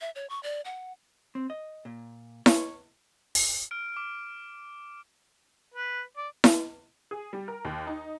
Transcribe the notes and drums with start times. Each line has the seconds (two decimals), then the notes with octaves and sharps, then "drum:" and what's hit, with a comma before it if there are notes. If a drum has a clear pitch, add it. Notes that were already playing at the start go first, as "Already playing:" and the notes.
0.01 E5
0.16 C#5
0.30 C#6
0.43 D5
0.65 F#5
1.35 C4
1.50 D#5
1.85 A#2
2.46 C#5, drum: snare E4
3.35 drum: open hi-hat
3.71 F6 D7
3.97 D6
5.74 B4
6.17 D5
6.44 drum: snare E4
7.11 G#4
7.33 G3
7.48 A#4
7.65 D#2
7.87 D#4